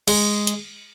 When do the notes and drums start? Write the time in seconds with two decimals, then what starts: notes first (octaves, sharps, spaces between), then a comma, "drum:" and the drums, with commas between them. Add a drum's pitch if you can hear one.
0.08 G#3, drum: cymbal
0.47 drum: hi-hat